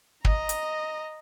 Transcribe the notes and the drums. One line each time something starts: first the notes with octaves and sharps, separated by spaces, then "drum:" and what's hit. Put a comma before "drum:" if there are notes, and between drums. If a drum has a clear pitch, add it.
D#5 A#5, drum: kick
drum: hi-hat